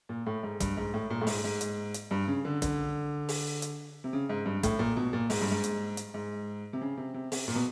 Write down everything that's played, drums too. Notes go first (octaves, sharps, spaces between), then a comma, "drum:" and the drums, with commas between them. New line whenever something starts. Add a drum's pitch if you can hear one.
A#2
A2
G#2
G2, drum: kick, hi-hat
G#2
A2
A#2
A2
G#2, drum: open hi-hat
G#2
drum: hi-hat
drum: hi-hat
G2
C#3
D3
D3, drum: kick, hi-hat
drum: open hi-hat
drum: hi-hat
C3
C#3
G#2
G2
A2, drum: kick, hi-hat
A#2
B2
A#2
G#2, drum: open hi-hat
G2
G#2
drum: hi-hat
drum: hi-hat
G#2
C3
C#3
C3
C3
C3, drum: open hi-hat
A#2
B2